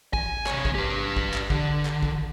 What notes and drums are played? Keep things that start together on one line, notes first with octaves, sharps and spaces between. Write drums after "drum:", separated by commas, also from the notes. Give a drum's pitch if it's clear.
G#5, drum: kick
C3 C#5, drum: clap
drum: kick
G4 B4
drum: kick
drum: clap
D3, drum: kick
drum: clap
drum: kick